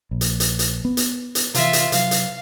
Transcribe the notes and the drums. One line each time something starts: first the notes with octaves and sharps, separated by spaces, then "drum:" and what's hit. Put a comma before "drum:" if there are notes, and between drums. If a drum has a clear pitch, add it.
A#1
drum: hi-hat
drum: hi-hat
drum: hi-hat
B3
drum: hi-hat
drum: hi-hat
C3 E3 F4 E5, drum: hi-hat
drum: hi-hat
C3 F#3 F5, drum: hi-hat
drum: hi-hat